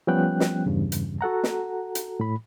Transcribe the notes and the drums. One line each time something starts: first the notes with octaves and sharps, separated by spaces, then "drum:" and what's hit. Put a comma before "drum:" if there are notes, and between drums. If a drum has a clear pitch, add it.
F3 G3 B3 C#4 G5 F#6
drum: snare
E2 G2 C#3
drum: hi-hat
F#4 A4 F#5 A#5
drum: snare
drum: hi-hat
A2 B5